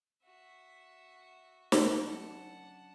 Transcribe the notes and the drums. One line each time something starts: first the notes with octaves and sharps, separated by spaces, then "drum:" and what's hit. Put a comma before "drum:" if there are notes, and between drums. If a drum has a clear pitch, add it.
F#4 E5
drum: snare
F#3 C#4 D4 F#5 A5